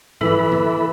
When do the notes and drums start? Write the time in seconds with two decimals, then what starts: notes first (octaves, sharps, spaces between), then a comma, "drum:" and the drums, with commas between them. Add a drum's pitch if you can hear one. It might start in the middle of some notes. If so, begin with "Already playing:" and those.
0.21 E3 A4 E5 B5, drum: tom G#2
0.52 drum: tom E3